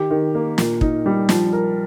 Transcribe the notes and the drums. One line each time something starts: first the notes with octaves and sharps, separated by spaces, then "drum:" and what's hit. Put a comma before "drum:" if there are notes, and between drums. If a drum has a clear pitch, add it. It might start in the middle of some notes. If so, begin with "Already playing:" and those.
Already playing: D#3 G4
D#3
A#3
A#2, drum: snare
D#4, drum: kick
G3
F3, drum: snare
A#4